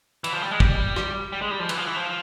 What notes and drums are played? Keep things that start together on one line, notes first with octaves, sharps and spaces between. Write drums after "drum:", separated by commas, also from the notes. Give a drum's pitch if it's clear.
E3, drum: cymbal
F3
G3
G#3
G3, drum: kick
drum: rim click
G3
G#3
G3
F3
E3, drum: cymbal
F3
E3
F3